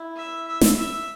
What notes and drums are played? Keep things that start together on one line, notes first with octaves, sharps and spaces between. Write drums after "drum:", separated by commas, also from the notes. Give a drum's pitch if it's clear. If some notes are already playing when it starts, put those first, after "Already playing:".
Already playing: E4
E5
E5
drum: snare
E5